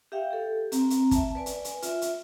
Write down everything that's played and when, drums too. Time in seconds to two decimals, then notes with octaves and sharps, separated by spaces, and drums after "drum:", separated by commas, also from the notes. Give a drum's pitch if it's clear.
0.12 G4 E5 F5 G5
0.31 G4 A4
0.72 C4 A#5, drum: hi-hat
0.90 drum: hi-hat
1.11 E5 A5, drum: kick, hi-hat
1.35 B4 D5 G#5
1.46 drum: hi-hat
1.65 drum: hi-hat
1.82 F4 E5, drum: hi-hat
2.02 drum: hi-hat